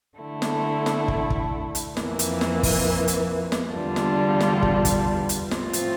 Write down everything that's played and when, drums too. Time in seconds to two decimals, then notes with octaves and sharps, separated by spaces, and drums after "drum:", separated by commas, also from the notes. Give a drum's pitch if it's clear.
0.19 D3 A3 E4
0.42 drum: snare
0.86 drum: snare
1.08 drum: kick
1.30 drum: kick
1.75 drum: hi-hat
1.97 F2 E3 A#3, drum: snare
2.19 drum: hi-hat
2.41 drum: snare
2.63 drum: kick, open hi-hat
3.08 drum: hi-hat
3.52 drum: snare
3.74 E2 D3 G3 D4 F4
3.96 drum: snare
4.40 drum: snare
4.63 drum: kick
4.85 drum: kick, hi-hat
5.29 drum: hi-hat
5.51 A2 F3 C4 F4, drum: snare
5.73 drum: hi-hat